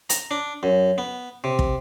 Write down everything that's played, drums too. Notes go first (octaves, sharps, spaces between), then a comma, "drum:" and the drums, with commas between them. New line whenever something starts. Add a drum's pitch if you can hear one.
A#5, drum: hi-hat
D4
F#2
B3
C3
drum: kick